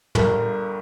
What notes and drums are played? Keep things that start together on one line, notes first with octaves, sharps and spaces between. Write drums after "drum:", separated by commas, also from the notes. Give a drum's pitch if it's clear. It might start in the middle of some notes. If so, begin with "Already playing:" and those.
G1 G2 D3 A#4, drum: tom